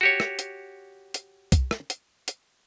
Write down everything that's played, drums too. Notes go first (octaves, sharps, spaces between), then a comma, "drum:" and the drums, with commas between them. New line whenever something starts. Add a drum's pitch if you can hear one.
F#4 G4 C#5
drum: rim click
drum: hi-hat
drum: hi-hat
drum: kick C2, hi-hat
drum: rim click
drum: hi-hat
drum: hi-hat